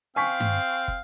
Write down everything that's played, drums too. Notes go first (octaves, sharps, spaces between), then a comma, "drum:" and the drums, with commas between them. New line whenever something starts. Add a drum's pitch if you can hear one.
C4 F5 G#5 C#6 B6
drum: tom G2
drum: kick